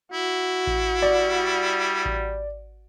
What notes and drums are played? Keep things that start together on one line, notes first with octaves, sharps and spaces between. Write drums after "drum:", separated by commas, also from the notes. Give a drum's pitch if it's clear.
E4 F#4
drum: kick A1
G3 D5
drum: kick A1